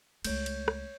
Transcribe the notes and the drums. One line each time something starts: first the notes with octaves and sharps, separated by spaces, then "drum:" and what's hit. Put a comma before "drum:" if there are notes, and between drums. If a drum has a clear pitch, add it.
C#2 A3 C#5 G6, drum: cymbal
drum: cymbal
drum: rim click